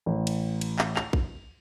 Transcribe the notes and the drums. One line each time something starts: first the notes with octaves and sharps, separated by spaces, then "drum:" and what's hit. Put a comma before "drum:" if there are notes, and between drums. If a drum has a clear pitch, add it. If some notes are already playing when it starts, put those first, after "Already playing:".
A1
drum: cymbal
drum: cymbal
drum: clap
F7, drum: clap
drum: kick A#1